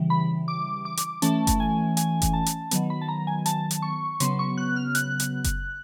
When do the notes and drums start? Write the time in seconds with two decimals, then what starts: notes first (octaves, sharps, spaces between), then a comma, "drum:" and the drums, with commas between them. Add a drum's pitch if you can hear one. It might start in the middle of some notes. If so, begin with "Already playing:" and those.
Already playing: C#3 E3 G3
0.10 B5
0.48 D6
0.85 D6
0.97 drum: hi-hat
1.22 E3 A3 C#4 A5, drum: hi-hat
1.47 drum: kick F#1, hi-hat
1.60 G#5
1.97 G#5, drum: hi-hat
2.22 drum: kick F#1, hi-hat
2.33 A5
2.46 drum: hi-hat
2.71 D#3 F#3 B3, drum: hi-hat
2.90 B5
3.01 A5
3.08 A#5
3.27 G#5
3.46 A5, drum: hi-hat
3.71 drum: hi-hat
3.82 C#6
4.20 C#3 F#3 B3 C6, drum: hi-hat
4.39 C#6
4.57 F#6
4.76 F6
4.95 F#6, drum: hi-hat
5.20 drum: hi-hat
5.44 drum: kick F#1, hi-hat